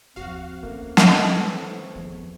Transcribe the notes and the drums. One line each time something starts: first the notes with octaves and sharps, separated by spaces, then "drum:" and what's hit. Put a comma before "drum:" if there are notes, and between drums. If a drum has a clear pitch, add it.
D#2 F3 C4 F#4 F5
D#3 A3 A#3 C#4
B2 A4 C#5 D#5, drum: snare
E3 A3 C4 A4
E2 F3